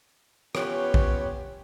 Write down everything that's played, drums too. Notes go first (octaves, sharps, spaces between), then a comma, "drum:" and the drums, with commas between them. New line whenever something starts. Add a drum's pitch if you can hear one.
B3 C#4 F4 G4 B4 C#5, drum: rim click
drum: kick A#1